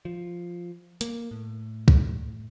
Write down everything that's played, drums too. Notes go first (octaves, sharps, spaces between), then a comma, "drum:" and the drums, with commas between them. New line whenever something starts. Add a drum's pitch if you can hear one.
F3
A#3, drum: hi-hat
A2
drum: kick